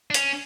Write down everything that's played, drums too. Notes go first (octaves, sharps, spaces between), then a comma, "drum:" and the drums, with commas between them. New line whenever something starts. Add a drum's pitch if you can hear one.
D4
C#4, drum: hi-hat